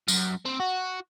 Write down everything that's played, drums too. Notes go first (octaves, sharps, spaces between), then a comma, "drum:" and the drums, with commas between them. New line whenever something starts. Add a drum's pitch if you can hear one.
F#2, drum: tambourine
C4
F#4